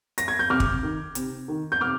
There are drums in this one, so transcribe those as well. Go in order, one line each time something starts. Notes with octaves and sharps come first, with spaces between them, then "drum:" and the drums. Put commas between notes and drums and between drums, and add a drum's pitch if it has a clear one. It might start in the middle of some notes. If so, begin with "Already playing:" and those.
A#6, drum: hi-hat
G#6
G6
C3 D6 F6
drum: kick
D#3
C3, drum: hi-hat
D#3
G6
C3 D6 F6